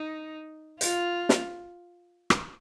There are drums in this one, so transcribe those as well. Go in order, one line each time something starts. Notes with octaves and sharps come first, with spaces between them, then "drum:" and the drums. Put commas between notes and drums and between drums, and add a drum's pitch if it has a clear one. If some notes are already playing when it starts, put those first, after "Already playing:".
Already playing: D#4
F4, drum: hi-hat
drum: snare
drum: rim click